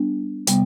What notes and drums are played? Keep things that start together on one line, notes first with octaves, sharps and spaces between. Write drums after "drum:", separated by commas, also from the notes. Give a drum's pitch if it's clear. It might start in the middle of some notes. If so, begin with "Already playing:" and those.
Already playing: G3 B3 D4
C3 G3 B3, drum: hi-hat